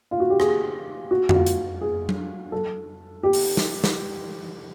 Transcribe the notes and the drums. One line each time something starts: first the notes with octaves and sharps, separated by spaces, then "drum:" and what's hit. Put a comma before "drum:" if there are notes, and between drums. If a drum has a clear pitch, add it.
F4
F#4
G4
G#4, drum: rim click
F#4
F#4, drum: tom F2
F4
drum: hi-hat
G#4
drum: tom F#3
A4
G4
drum: open hi-hat
drum: snare
drum: snare